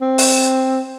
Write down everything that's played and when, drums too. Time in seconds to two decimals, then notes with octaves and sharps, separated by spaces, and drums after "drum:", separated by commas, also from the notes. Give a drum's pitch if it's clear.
0.01 C4
0.18 drum: open hi-hat